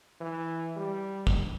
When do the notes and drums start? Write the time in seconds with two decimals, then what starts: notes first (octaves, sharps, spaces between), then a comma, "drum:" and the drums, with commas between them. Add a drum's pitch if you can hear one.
0.21 E3
0.76 G3
1.27 drum: kick